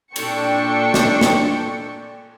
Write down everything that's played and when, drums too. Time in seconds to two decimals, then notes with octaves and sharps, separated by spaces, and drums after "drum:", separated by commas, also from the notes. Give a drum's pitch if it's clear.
0.16 A#2 D4 A4 G5 C#6, drum: cymbal
0.94 drum: snare
1.21 drum: snare